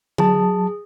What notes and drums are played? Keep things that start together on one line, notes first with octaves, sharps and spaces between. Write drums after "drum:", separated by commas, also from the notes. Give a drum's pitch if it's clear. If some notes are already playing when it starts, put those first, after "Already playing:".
F#3 G#4 A5, drum: tom D3